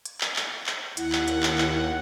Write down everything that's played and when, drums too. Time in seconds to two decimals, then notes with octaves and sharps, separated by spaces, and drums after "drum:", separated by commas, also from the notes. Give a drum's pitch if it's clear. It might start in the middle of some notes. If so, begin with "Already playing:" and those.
0.05 drum: hi-hat
0.21 drum: clap
0.36 drum: clap
0.67 drum: clap
0.97 D#2 E4 F#5, drum: hi-hat
1.12 drum: clap
1.28 drum: hi-hat
1.43 drum: clap
1.58 drum: clap